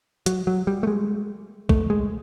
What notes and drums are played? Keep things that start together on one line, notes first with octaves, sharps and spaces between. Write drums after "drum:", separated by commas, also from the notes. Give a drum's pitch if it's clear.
F#3, drum: hi-hat
F#3
G3
A3
G#3
A3, drum: kick A#1
G#3